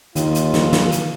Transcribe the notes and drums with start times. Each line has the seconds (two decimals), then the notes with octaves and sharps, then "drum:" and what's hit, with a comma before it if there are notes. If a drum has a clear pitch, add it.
0.16 D#2 D#3 F4, drum: hi-hat
0.35 drum: hi-hat
0.54 drum: snare
0.73 drum: snare
0.92 drum: hi-hat